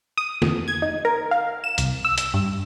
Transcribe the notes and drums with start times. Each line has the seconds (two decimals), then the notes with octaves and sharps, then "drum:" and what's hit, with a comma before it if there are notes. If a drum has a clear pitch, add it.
0.18 D#6
0.42 F2, drum: snare
0.68 G#6
0.82 D#4
1.05 A#4
1.31 F5
1.64 E7
1.78 C2, drum: hi-hat
2.05 E6
2.18 drum: hi-hat
2.34 G2